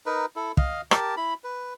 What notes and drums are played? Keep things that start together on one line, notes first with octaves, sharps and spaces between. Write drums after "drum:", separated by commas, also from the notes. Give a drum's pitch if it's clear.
D#4 A#4 B4
E4 A4
D#5 F5, drum: kick
G4 A#4 A5, drum: rim click
E4 B5
B4